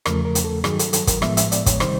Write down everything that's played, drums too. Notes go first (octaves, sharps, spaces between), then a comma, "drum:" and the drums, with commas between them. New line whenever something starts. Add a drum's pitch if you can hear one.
E2 C#3 F3 A3 A#4, drum: rim click
A#4
drum: hi-hat
A4
G2 D#3 F#3 G#4, drum: rim click
A4, drum: hi-hat
A4, drum: hi-hat
A#4, drum: kick, hi-hat
A2 F3 G#3 B3 E5, drum: rim click
E5, drum: hi-hat
D5, drum: hi-hat
C#5, drum: kick, hi-hat
C3 D#3 G3 C5, drum: rim click